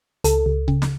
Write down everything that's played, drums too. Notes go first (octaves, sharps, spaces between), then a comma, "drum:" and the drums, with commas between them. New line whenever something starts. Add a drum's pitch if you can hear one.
C#2 A4, drum: hi-hat
C#2
C#3, drum: kick C#1
drum: snare